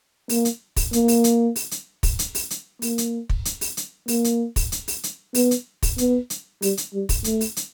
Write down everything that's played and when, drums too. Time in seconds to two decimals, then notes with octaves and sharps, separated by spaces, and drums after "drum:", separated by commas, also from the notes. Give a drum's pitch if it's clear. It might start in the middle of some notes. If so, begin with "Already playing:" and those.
0.29 A#3, drum: open hi-hat
0.45 drum: hi-hat
0.77 drum: kick, open hi-hat
0.93 A#3, drum: hi-hat
1.08 drum: open hi-hat
1.24 drum: hi-hat
1.56 drum: open hi-hat
1.71 drum: hi-hat
2.03 drum: kick, open hi-hat
2.19 drum: hi-hat
2.35 drum: open hi-hat
2.50 drum: hi-hat
2.82 A#3, drum: open hi-hat
2.98 drum: hi-hat
3.30 drum: kick
3.45 drum: hi-hat
3.61 drum: open hi-hat
3.77 drum: hi-hat
4.08 A#3, drum: open hi-hat
4.24 drum: hi-hat
4.56 drum: kick, open hi-hat
4.72 drum: hi-hat
4.88 drum: open hi-hat
5.03 drum: hi-hat
5.35 B3, drum: open hi-hat
5.51 drum: hi-hat
5.83 drum: kick, open hi-hat
5.98 B3, drum: hi-hat
6.30 drum: hi-hat
6.62 G3, drum: open hi-hat
6.77 drum: hi-hat
6.93 G3
7.09 drum: kick, open hi-hat
7.24 A3, drum: hi-hat
7.41 drum: open hi-hat
7.57 drum: hi-hat